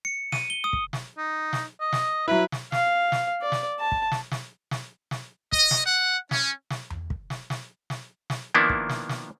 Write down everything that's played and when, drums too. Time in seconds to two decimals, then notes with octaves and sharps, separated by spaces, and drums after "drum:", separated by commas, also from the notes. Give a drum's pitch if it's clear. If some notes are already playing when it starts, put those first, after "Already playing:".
0.05 C#7
0.32 D#7, drum: snare
0.50 G7
0.64 D#6
0.73 drum: kick
0.93 drum: snare
1.17 D#4
1.53 drum: snare
1.80 D#5
1.93 drum: snare
2.28 F#3 E4 B4
2.52 drum: snare
2.72 F5, drum: snare
3.12 drum: snare
3.42 D5
3.52 drum: snare
3.79 A5
3.92 drum: kick
4.12 drum: snare
4.32 drum: snare
4.71 drum: snare
5.11 drum: snare
5.52 D#5, drum: kick
5.71 drum: snare
5.85 F#5
6.31 C#4, drum: snare
6.70 drum: snare
6.90 drum: tom E2
7.10 drum: kick
7.30 drum: snare
7.50 drum: snare
7.90 drum: snare
8.30 drum: snare
8.54 D#3 F3 A#3 B3 D4 E4
8.70 drum: kick
8.89 drum: snare
9.09 drum: snare